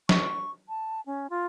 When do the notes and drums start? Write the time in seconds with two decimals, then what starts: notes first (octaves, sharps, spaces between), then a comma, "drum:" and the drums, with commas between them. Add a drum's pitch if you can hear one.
0.09 C#6, drum: snare
0.69 A5
1.06 C#4
1.30 F4